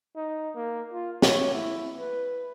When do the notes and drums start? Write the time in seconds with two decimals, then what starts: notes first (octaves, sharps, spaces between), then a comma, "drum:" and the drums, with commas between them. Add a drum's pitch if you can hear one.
0.16 D#4
0.55 A#3
0.93 F4
1.22 C#5, drum: snare
1.54 E4
1.97 B4